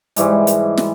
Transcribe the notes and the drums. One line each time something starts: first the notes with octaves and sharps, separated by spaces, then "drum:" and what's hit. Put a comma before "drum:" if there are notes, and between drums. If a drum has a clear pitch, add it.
G#2 E3 G3 G#3, drum: hi-hat
drum: hi-hat
drum: snare